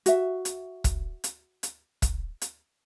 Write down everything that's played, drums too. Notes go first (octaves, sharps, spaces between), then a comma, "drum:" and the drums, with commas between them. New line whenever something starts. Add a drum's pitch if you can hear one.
F#4 E5, drum: hi-hat
drum: hi-hat
drum: kick, hi-hat
drum: hi-hat
drum: hi-hat
drum: kick, hi-hat
drum: hi-hat